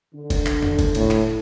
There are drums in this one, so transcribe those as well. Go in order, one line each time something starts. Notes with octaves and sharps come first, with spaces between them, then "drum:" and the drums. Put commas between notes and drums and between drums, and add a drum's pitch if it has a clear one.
D3
drum: kick, cymbal
drum: clap
drum: tom F2
drum: kick, cymbal
A2, drum: cymbal
drum: clap